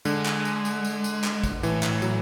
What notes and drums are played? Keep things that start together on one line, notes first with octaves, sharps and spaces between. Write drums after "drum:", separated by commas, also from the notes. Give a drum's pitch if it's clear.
D3 G#3, drum: tambourine
drum: clap
drum: tambourine
drum: tambourine
drum: tambourine
drum: tambourine
drum: clap
drum: kick, tambourine
A2 E3, drum: tambourine
drum: clap
F#3, drum: tambourine